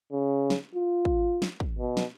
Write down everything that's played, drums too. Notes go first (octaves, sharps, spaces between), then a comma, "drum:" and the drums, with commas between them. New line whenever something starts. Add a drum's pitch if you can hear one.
C#3
drum: snare
F4
drum: kick
drum: snare
drum: kick
B2
drum: snare